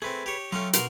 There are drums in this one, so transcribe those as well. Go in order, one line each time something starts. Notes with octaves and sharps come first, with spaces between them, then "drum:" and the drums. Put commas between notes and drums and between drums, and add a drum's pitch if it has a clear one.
A3 C4 G#4 B4
G4 C#5
F#3 A3 C#4 F4 G5
B2 A#4 C6, drum: hi-hat